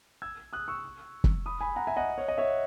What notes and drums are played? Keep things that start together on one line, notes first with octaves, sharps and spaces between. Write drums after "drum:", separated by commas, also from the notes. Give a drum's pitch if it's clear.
E6 G#6
D#6 F#6
C#6 E6
drum: kick
B5 D#6
G#5 B5
F#5 A#5
E5 G#5
D#5 F#5
C#5
D#5
C#5 E5